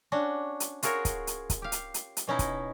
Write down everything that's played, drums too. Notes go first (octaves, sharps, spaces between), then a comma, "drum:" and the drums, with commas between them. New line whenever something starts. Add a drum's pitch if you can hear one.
C#4 D4 F#4
drum: hi-hat
F4 F#4 G#4 A#4 C#5, drum: hi-hat
drum: kick, hi-hat
drum: hi-hat
drum: kick, hi-hat
G4 F5
drum: hi-hat
drum: hi-hat
drum: hi-hat
B2 C#4 D#4 E4
drum: kick, hi-hat